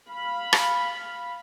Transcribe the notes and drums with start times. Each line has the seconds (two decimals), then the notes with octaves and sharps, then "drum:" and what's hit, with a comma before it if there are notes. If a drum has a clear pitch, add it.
0.10 F5 B5
0.53 drum: rim click